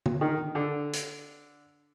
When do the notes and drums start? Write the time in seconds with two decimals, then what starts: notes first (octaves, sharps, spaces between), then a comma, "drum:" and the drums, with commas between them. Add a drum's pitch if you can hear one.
0.06 drum: tom
0.21 D#3
0.55 D3
0.93 drum: hi-hat